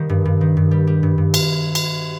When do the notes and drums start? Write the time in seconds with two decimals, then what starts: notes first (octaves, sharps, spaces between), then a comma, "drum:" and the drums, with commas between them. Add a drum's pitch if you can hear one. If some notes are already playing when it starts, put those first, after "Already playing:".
Already playing: D#3 G3
0.09 G2
0.25 G2
0.41 D#3
0.57 G2
0.71 G3
0.87 G3
1.03 G2
1.18 G2
1.34 drum: cymbal
1.75 drum: cymbal